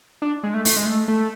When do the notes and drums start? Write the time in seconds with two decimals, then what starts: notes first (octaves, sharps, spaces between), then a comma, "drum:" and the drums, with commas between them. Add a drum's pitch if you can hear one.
0.22 D4
0.43 G#3
0.54 A3
0.65 A3, drum: open hi-hat
0.76 G#3
0.86 A3
1.08 A3